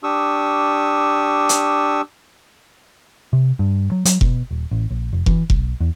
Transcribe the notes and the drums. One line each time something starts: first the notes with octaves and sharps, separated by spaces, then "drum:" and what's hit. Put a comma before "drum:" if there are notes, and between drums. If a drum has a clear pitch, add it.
D4 G4 C#6 D#6 E6
drum: hi-hat
C3
G2
F#3
F#3, drum: hi-hat
B2, drum: kick F1
D#1
A1
A#1
F1
E3, drum: kick F1
B1, drum: kick F1
E2